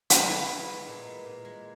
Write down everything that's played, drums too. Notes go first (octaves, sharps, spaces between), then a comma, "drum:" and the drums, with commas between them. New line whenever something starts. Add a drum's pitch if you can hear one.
B3, drum: hi-hat
E4
B3
G#3
A#2
G#3
A#2
G#3